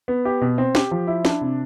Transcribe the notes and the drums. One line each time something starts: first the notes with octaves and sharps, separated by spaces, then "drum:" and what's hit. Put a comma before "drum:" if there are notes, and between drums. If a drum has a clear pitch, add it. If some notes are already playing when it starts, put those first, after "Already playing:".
B3
G4
B2
C4
G4, drum: snare
F3
E4
D4, drum: snare
C3